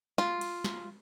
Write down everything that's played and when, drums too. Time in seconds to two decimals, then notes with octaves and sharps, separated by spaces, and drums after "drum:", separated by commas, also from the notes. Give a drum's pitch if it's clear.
0.18 F4, drum: snare
0.41 drum: cymbal
0.64 drum: snare